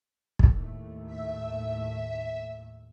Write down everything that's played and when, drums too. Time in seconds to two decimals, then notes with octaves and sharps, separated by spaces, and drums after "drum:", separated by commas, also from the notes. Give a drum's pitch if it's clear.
0.39 drum: kick
0.51 D#2 A2 A3
1.06 E5